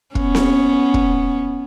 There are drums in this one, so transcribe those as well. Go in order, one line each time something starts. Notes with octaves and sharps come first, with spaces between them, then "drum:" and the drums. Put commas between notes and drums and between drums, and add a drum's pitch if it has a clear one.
B3 C#4, drum: kick
drum: snare C4
drum: kick